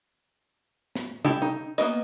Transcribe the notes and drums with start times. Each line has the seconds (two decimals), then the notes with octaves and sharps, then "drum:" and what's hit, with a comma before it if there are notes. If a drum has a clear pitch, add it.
0.95 drum: snare
1.25 E4 G4 A4 G5 A5, drum: tom C3
1.42 D#4
1.78 A#3 B3 A#4 D#5, drum: hi-hat